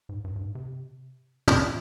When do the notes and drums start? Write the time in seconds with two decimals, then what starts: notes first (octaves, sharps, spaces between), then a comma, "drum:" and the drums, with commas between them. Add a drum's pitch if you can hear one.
0.09 G#2
0.24 G2
0.36 G2
0.40 G#2
0.55 C3
1.48 A#2, drum: tom